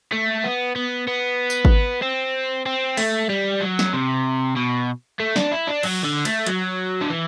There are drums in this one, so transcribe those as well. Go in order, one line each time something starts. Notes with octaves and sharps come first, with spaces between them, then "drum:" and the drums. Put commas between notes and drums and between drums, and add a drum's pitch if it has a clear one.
A3
B3
B3
B3
drum: tambourine
drum: kick G#1
C4
C4
A3, drum: open hi-hat
G3
F#3
drum: snare
C3
B2
A3
D4, drum: snare
E4
D4
F#3, drum: cymbal
D3
A3, drum: cymbal
F#3, drum: hi-hat
D3
E3